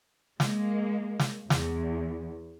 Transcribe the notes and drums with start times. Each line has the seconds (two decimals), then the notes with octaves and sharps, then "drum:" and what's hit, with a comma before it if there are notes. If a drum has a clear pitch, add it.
0.40 G#3 A#3, drum: snare
1.19 drum: snare
1.50 E2, drum: snare